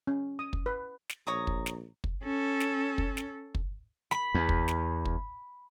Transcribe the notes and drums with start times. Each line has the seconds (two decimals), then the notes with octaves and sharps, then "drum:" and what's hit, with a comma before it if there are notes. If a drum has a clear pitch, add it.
0.07 C#4
0.39 D#6
0.53 drum: kick
0.66 B4
1.09 drum: snare
1.27 A#1 C#5 A#5 D#6
1.47 drum: kick
1.66 drum: snare
2.04 drum: kick
2.24 C#4 A4
2.60 drum: snare
2.98 drum: kick
3.17 drum: snare
3.55 drum: kick
4.11 B5, drum: snare
4.34 E2
4.49 drum: kick
4.68 drum: snare
5.05 drum: kick